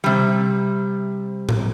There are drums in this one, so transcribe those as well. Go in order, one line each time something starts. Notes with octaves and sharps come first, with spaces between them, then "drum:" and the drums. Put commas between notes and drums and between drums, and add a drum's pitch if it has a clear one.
C3 G3
drum: tom A2